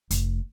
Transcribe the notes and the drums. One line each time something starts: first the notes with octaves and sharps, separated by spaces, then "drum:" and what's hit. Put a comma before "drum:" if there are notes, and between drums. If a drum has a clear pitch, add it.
F1, drum: hi-hat